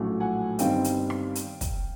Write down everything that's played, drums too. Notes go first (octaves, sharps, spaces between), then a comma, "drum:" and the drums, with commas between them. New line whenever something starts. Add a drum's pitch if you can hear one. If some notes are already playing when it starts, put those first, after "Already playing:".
Already playing: A#1 A2 F#3 A3 C#4
F#5 G#5
G1 G2 D#3 G3 C4 F5 G5, drum: hi-hat
drum: hi-hat
drum: rim click
drum: hi-hat
drum: kick, hi-hat